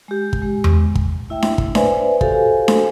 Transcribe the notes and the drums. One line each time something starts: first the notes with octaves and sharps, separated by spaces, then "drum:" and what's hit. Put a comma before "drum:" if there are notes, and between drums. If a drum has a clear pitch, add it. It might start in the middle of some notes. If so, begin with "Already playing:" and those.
G#3 G4
drum: kick
G#3
drum: tom E2
drum: kick
A3 E4 E5 G5
drum: snare D4
drum: kick
B4 C5 D5 E5 G#5, drum: snare D4
F#4 G4 A4 C5 F5 G#5, drum: kick
drum: snare D4